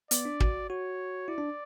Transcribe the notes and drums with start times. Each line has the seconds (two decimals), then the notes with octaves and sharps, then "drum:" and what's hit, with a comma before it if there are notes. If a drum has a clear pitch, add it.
0.11 B3 D5, drum: hi-hat
0.25 D4
0.40 F#4, drum: kick
0.69 F#4 C#5
1.28 E4 D5
1.38 D4